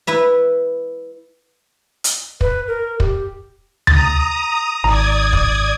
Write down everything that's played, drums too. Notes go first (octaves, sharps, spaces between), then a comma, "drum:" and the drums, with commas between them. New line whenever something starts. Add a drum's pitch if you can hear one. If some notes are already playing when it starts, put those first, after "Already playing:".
E4 B4 E5
drum: hi-hat
B4, drum: kick
A#4
G4, drum: kick
A#5 D#6 A6, drum: tom D2
G#1 D5 A#5 D#6 G#6
drum: kick